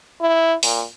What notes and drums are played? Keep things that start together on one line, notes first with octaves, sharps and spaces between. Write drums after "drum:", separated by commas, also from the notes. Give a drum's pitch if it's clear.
E4
A#2, drum: open hi-hat